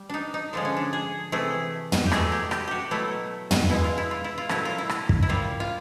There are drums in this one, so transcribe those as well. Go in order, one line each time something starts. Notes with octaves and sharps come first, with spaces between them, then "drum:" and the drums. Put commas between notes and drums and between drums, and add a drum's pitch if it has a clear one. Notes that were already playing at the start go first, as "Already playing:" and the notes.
Already playing: G3
D4 D#4
D#4
D3 F3 G#3 D4
C#4
D4
G#4
C3 E3 A3 G#4
drum: tom
G4
B2 F#3 A3 G#4, drum: rim click
G4
G4, drum: rim click
F#4 G4
B2 F#3 A3 E4
drum: tom
B2 G#3 E4
F4
E4
F4
E4
F4
A#2 F#3 A3 E4, drum: rim click
F4
E4
drum: rim click
drum: kick
E4
A#2 G3 F4
F4